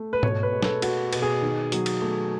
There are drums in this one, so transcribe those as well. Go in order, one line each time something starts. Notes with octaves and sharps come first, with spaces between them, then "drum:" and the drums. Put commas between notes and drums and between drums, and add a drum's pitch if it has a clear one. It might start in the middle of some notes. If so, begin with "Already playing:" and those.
Already playing: A3
B4
B2 C#5, drum: tom G#2
B4
G#3
A4, drum: snare
G#3 F#4, drum: cymbal
B2, drum: cymbal
G#4
D#3
F#3, drum: hi-hat
drum: cymbal
A3